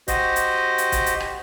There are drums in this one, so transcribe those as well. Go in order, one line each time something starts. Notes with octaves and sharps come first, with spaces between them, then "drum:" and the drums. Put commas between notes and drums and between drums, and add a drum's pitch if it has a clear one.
F#4 G4 C5 D#5, drum: kick C#1, hi-hat
drum: hi-hat
drum: hi-hat
drum: kick C#1, hi-hat
drum: hi-hat
drum: rim click